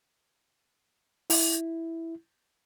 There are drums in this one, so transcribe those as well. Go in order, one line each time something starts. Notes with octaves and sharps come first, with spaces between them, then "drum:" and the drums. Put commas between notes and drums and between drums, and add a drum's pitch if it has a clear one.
E4, drum: open hi-hat